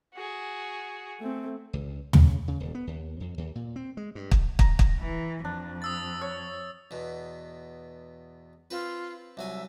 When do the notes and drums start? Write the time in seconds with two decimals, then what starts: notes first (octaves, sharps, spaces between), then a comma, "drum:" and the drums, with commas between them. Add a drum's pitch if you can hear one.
0.15 F#4 G#4
1.20 A3 C4
1.73 C#2
2.13 C#3, drum: tom
2.48 C#3
2.60 D#1
2.75 B3
2.87 D#2
3.20 F2
3.38 D#2
3.55 A#2
3.76 C4
3.97 G#3
4.15 G2
4.31 drum: kick
4.59 A#5, drum: kick
4.79 drum: kick
4.99 E3
5.45 F2 D4
5.82 D#6 E6 A6
6.22 C#5 E6
6.91 E2 B2
8.71 C4 F4 B4
9.37 C2 F#3 E5 G#5